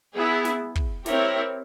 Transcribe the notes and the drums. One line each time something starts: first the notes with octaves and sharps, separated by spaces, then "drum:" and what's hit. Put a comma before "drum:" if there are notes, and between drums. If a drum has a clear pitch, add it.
B3 E4 G#4
drum: snare
drum: kick
C4 E4 G4 A#4 C#5, drum: snare